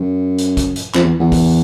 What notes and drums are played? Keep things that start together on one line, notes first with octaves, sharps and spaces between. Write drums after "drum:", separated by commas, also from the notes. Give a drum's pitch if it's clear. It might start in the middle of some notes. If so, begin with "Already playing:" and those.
Already playing: F#2
drum: hi-hat
drum: kick, hi-hat
drum: hi-hat
F2, drum: clap
E2
E2
drum: kick, open hi-hat